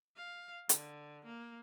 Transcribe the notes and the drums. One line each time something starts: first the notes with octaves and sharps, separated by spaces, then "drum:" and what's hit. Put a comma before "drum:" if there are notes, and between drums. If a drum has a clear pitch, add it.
F5
D3, drum: hi-hat
A#3